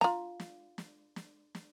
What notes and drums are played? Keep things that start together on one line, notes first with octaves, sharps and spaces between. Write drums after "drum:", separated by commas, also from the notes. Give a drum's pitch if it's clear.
F4 A#5, drum: snare
drum: snare
drum: snare
drum: snare
drum: snare